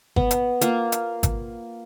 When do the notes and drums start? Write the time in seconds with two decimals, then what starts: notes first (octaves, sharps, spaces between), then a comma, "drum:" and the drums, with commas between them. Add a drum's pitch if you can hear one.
0.16 B3, drum: kick G#1
0.31 drum: hi-hat
0.61 A#3 F4, drum: hi-hat
0.92 drum: hi-hat
1.23 drum: kick G#1, hi-hat